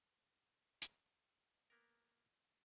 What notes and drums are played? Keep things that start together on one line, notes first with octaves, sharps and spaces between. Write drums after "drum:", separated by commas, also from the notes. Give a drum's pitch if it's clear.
drum: hi-hat
A#3 B3 A#4